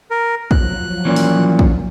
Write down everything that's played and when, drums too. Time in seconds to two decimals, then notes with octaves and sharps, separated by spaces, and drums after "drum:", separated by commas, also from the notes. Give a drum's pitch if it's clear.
0.11 A#4
0.51 F3 F#3 F#6, drum: kick
1.05 A#2 E3 A#3 C#4
1.16 drum: open hi-hat
1.59 drum: kick